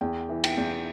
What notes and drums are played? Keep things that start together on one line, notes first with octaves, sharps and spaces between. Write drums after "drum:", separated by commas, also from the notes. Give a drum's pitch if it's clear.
E2 G5
E3
G5, drum: cymbal
E2